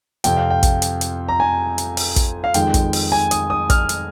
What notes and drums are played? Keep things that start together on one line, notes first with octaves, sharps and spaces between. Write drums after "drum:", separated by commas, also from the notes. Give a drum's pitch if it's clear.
F2 C3 F3 G5, drum: hi-hat
F5
G5
drum: kick, hi-hat
drum: hi-hat
drum: hi-hat
A#5
G#5
drum: hi-hat
drum: open hi-hat
drum: kick, hi-hat
F5
F2 D#3 G#3 G5, drum: hi-hat
drum: kick, hi-hat
drum: open hi-hat
G#5
D#6, drum: hi-hat
D#6
F6, drum: kick, hi-hat
drum: hi-hat